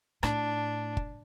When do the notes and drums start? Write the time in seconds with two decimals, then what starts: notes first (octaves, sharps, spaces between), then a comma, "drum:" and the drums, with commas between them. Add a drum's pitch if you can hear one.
0.23 A2 D4, drum: rim click
0.97 drum: kick